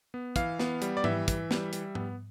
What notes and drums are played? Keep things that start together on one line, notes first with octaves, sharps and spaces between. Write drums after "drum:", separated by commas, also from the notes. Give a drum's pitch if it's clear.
B3
E3 F5, drum: kick, hi-hat
B3, drum: snare
G3, drum: hi-hat
D5
E3 E5, drum: tom G#2
E3, drum: kick, hi-hat
G3, drum: snare
G3, drum: hi-hat
B3, drum: tom G#2